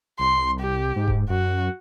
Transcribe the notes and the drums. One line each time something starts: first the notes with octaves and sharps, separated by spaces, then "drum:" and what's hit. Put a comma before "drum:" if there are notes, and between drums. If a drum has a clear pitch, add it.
C2 C6
G4
G#2
drum: kick D#1
F#2 F#4